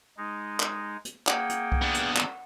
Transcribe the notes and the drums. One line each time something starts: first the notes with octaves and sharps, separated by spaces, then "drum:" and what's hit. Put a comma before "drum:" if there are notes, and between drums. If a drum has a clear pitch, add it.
G#3 D#4
drum: clap
drum: hi-hat
A#3 G#4 F#5 G5, drum: clap
drum: hi-hat
drum: kick C2
B3 D4
drum: hi-hat
drum: clap